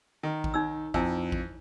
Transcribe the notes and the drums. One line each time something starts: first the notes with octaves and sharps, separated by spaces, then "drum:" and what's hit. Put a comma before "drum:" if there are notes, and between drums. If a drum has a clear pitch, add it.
D#3
drum: kick A1
D#4 C#5 E6
F2 E4 G#5 E6, drum: kick A1
drum: kick A1